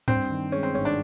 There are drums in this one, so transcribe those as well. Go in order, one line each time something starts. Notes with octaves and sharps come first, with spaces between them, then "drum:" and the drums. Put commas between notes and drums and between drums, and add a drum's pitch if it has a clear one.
G2 C4, drum: tom G#2
D#3
G#3 C#4
C4
G#1 C#4
D4